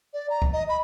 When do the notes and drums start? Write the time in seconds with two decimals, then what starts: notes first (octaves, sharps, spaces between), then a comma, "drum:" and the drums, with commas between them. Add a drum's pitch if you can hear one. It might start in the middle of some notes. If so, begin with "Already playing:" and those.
0.14 D5
0.30 A#5
0.42 drum: kick
0.53 D#5
0.69 B5